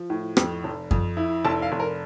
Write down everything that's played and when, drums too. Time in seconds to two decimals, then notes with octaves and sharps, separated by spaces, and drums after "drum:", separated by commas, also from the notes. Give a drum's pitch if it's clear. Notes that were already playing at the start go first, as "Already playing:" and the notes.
Already playing: F3
0.10 A2
0.37 F2 G5, drum: rim click
0.64 F1
0.91 F2, drum: kick F#2
1.17 E4
1.45 F1 A5
1.62 F5
1.72 F1
1.80 A#4